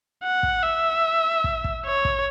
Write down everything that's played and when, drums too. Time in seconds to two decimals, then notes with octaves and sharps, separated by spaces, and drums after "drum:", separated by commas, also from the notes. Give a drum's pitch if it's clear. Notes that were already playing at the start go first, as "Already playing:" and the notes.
0.23 F#5
0.43 drum: kick
0.63 E5
1.44 drum: kick
1.64 drum: kick
1.85 C#5
2.05 drum: kick